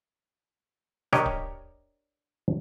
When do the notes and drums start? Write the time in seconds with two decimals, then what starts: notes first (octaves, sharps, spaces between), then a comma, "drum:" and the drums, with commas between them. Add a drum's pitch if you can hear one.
1.13 D4 G4 A#4 C#5 D#5, drum: rim click
1.26 drum: kick D1